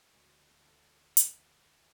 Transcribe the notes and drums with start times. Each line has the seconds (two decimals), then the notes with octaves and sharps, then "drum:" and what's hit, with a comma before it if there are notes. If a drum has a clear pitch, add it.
0.13 D2 F3 G#3
0.61 F4 A4
1.17 drum: hi-hat